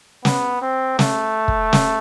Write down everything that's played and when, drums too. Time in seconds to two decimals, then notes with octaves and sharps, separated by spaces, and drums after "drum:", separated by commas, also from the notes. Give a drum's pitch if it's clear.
0.25 B3, drum: snare
0.62 C4
0.99 A3, drum: snare
1.48 drum: kick
1.73 drum: snare